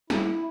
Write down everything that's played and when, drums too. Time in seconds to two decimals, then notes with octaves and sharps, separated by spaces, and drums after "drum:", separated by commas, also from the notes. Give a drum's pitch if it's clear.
0.10 E4, drum: snare